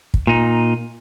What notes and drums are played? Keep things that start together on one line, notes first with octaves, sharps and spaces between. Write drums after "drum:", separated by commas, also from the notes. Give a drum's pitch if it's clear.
drum: kick
A#2 D#4